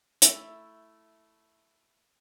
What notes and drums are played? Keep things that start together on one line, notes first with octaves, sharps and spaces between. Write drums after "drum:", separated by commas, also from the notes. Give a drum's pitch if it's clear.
A3 E4, drum: hi-hat